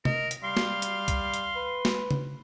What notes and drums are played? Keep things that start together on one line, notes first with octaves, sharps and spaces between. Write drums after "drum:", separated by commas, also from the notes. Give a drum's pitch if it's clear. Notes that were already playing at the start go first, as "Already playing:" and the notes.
A#4 D#5, drum: tom
drum: hi-hat
G3 F5 C6
drum: snare
drum: hi-hat
drum: kick B1, hi-hat
drum: hi-hat
B4
drum: snare
drum: tom C#3